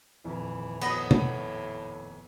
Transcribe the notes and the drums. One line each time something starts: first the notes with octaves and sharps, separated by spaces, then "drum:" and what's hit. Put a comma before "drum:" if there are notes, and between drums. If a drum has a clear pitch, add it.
D#1 F2 E3
A2 B3 D#5, drum: cymbal
drum: tom